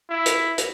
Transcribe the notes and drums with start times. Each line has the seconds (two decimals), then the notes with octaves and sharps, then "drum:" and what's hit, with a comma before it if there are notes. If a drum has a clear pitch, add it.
0.10 E4
0.26 drum: hi-hat
0.58 drum: hi-hat